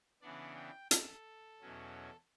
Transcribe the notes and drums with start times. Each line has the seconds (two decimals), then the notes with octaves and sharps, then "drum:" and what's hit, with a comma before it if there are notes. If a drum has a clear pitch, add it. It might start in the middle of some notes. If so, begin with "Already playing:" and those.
0.22 C#3 E3 B3 D4 D5
0.56 G5
0.91 A4, drum: hi-hat
1.61 E2 B2 F#3 C#4